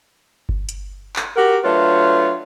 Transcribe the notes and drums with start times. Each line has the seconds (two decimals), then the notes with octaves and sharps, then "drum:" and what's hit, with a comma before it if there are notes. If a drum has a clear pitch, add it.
0.49 drum: kick G1
0.69 drum: hi-hat
1.16 drum: clap
1.36 F#4 G4 A#4
1.64 F#3 A3 D4 F4 B4 C#5